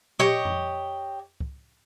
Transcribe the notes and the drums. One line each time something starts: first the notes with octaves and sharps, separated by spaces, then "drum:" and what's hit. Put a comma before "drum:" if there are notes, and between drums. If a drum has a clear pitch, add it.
G4 C#5 D#5 C#6, drum: tom A#2
drum: tom F2
drum: kick